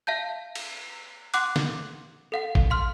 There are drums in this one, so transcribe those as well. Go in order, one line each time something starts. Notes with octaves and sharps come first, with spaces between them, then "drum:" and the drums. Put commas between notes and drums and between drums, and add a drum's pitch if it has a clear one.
E5 F5 A5 G6
drum: cymbal
F#5 C6 D6 F#6, drum: hi-hat
drum: snare
A4 F5 F#5
drum: kick G#1
F5 C6 F6